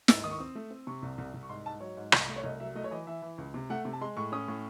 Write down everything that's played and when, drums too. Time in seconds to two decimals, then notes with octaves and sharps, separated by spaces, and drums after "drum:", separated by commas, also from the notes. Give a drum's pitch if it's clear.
0.08 G#2 E6, drum: snare
0.24 D#3 D#6
0.31 C#6
0.39 C4 D#6
0.55 A3
0.70 C4
0.87 C3 C#6
1.02 C2
1.18 C2
1.34 C2
1.43 C#6
1.49 G#2 C6
1.65 G#2 A5
1.81 F#3 C#5
1.97 G#2
2.12 C2, drum: rim click
2.28 A3
2.36 C#5
2.44 C2 D#5
2.60 F#3 E5
2.75 A3 D#5
2.84 C#5
2.91 E3 D#5
3.07 E3 E5
3.22 E3
3.38 C#2
3.54 C3
3.70 A3 F#5
3.85 C3
3.93 A5
4.01 G#3 C6
4.17 A2 C#6
4.32 C#4 D#6
4.48 A2